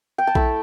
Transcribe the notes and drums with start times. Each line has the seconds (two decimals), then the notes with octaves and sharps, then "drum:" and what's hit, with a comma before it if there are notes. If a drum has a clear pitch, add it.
0.18 G5
0.27 A5
0.35 A3 E4 B5, drum: kick A#1